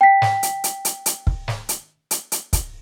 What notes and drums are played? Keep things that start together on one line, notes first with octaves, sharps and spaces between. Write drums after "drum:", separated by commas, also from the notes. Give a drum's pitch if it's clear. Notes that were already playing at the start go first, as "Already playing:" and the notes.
G5 B6
drum: snare
drum: hi-hat
drum: hi-hat
drum: hi-hat
drum: hi-hat
drum: kick
drum: snare
drum: hi-hat
drum: hi-hat
drum: hi-hat
drum: kick, hi-hat